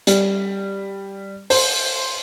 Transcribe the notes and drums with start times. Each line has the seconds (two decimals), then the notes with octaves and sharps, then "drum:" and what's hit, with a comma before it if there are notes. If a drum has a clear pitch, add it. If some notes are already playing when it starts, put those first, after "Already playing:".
0.07 G3, drum: hi-hat
1.50 C5, drum: open hi-hat